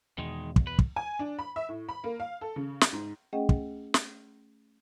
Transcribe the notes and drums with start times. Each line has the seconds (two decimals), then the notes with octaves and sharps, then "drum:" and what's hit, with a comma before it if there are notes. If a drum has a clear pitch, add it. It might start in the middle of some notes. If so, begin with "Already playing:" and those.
0.18 E2 B2 D#3 G#3
0.56 drum: kick
0.67 B4
0.79 drum: kick
0.96 G#5
1.19 D4
1.39 B5
1.56 E5
1.69 A2
1.89 B5
2.04 A#3
2.20 F5
2.41 A4
2.56 C#3
2.81 drum: snare
2.92 G#2
3.33 A3 C#4 G#4 D#5 F#5 G5
3.49 drum: kick
3.94 drum: snare